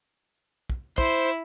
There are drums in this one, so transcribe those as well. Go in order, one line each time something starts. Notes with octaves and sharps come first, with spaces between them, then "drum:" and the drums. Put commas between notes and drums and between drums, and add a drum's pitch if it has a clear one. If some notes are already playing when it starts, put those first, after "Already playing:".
drum: kick
E4 C5, drum: kick